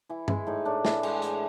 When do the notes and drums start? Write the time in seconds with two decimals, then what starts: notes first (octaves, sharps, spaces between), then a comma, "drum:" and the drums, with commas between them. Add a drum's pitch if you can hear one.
0.09 E3 E4
0.28 G#3 E4, drum: tom G2
0.47 A2 D#4
0.65 A2 D4
0.85 E3, drum: snare
1.03 G#3, drum: cymbal
1.22 A2, drum: hi-hat